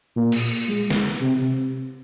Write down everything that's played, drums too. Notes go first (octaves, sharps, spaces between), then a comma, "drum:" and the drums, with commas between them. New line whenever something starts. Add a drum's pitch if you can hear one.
A#2
drum: cymbal
G#3
drum: snare
C3